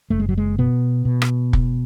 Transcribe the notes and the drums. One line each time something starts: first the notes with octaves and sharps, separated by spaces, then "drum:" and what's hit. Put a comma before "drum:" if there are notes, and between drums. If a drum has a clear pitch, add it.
F#1 A3
G#3
F#3
G#3
B2 B3
B2
drum: rim click
drum: kick